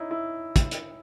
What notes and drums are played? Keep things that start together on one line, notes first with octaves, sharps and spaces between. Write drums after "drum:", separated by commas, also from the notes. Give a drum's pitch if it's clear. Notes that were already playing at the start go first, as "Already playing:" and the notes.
Already playing: C#4 D#4 E4
E4
drum: kick, hi-hat
drum: hi-hat